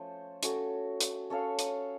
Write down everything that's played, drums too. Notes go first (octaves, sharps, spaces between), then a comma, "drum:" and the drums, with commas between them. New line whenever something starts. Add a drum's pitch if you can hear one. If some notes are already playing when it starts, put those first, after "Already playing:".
Already playing: F3 A3 C#4 A4 C5
A3 C#4 F#4 A4, drum: hi-hat
drum: hi-hat
C#4 A4 C#5 F5
drum: hi-hat